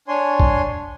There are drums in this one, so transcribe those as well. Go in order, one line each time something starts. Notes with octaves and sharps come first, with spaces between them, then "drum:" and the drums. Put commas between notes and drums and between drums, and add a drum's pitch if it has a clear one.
D4 C#5 G#5 C6
drum: kick